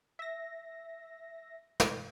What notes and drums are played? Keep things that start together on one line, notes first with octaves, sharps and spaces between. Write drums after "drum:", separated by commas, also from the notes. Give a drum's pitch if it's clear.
E5 A#6
drum: snare